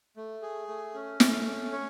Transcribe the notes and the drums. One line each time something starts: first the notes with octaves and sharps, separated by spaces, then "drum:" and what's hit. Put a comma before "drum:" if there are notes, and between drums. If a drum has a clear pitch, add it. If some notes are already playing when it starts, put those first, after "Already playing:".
A3
G#4
A3
C#4
A3, drum: snare
C#4
C#5